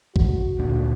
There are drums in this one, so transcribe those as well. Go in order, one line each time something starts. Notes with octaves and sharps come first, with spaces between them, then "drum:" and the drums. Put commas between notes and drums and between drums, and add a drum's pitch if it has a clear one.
F#4, drum: kick A1
D2 A#2 D3